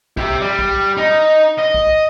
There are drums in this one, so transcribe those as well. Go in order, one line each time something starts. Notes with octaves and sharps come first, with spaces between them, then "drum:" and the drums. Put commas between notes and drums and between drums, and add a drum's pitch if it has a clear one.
G4 E5, drum: kick
G3
drum: kick
D#4
D#5
drum: kick